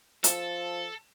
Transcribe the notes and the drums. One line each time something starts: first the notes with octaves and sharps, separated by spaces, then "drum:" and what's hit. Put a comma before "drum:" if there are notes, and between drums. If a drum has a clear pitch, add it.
F3 A4, drum: hi-hat